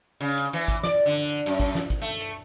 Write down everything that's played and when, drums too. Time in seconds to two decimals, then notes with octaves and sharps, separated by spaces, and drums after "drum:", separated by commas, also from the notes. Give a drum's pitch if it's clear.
0.20 C#3
0.38 drum: hi-hat
0.53 E3, drum: hi-hat
0.68 drum: kick, hi-hat
0.83 D5, drum: snare
1.06 D3
1.29 drum: hi-hat
1.46 F#2, drum: hi-hat
1.60 drum: kick, hi-hat
1.75 drum: snare
1.90 drum: kick, hi-hat
2.02 A3
2.21 drum: hi-hat